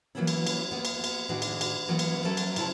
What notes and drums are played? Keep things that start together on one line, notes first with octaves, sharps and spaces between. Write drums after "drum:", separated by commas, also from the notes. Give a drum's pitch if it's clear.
E3 F#3 A#3 B3 C#4 E4
drum: cymbal
drum: cymbal
A#3 B3
drum: cymbal
drum: cymbal
A2 D#3 D4 F#4 G#4
drum: cymbal
drum: cymbal
E3 F#3 G3 A#3 B3 C#4
drum: cymbal
F#3 C#4 A4 A#4 E5
drum: cymbal
C#3 G3 E4 C5 A5, drum: cymbal